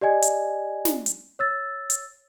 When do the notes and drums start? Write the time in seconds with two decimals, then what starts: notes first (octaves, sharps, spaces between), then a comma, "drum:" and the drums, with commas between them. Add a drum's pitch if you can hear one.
0.01 G4 D5 D#5 G#5 G#6
0.22 drum: hi-hat
0.85 drum: snare
1.06 drum: hi-hat
1.39 C#5 E6 A6
1.90 drum: hi-hat